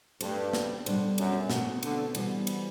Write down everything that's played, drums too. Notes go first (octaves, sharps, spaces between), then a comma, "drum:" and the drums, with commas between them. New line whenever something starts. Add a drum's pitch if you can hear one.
G2 A3 D4 A4 C5, drum: cymbal
drum: snare
B2 G3 D4 A4 C5, drum: cymbal
F#2, drum: cymbal
B2 A3 C4, drum: snare
D3, drum: cymbal
E3 G3 B3 F#4 C5, drum: cymbal
drum: cymbal